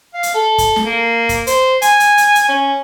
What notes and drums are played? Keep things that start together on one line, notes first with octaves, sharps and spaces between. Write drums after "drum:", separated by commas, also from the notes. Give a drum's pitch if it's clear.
F5
drum: hi-hat
A4
drum: kick, hi-hat
drum: snare
A#3
drum: kick, hi-hat
C5, drum: hi-hat
G#5, drum: hi-hat
drum: hi-hat
drum: hi-hat
drum: hi-hat
C#4